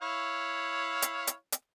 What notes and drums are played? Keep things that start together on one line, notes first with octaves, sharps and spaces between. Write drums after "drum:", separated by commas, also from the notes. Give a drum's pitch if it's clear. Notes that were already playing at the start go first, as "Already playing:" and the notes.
E4 C#5 F5
drum: hi-hat
drum: hi-hat
drum: hi-hat